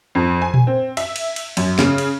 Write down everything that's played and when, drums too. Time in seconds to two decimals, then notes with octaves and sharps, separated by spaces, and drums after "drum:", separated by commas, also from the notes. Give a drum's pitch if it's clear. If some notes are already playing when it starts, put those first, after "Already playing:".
0.15 F2
0.42 G#5
0.54 drum: tom A#2
0.67 C4
0.97 E5, drum: cymbal
1.16 drum: cymbal
1.36 drum: cymbal
1.57 F#2, drum: cymbal
1.79 C#3, drum: snare
1.98 drum: cymbal